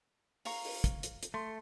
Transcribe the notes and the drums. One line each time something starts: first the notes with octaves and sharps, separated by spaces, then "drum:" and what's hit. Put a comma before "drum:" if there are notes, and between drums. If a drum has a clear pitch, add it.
F5 A#5 C#6, drum: open hi-hat
drum: open hi-hat
drum: kick, hi-hat
drum: hi-hat
drum: hi-hat
A3 C6